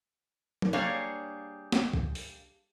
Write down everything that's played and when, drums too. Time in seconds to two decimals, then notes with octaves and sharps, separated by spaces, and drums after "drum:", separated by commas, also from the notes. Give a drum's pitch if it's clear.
0.62 drum: tom
0.73 G3 A#3 D4 G#4 C#5 F5
1.72 drum: snare
1.94 drum: kick
2.15 drum: open hi-hat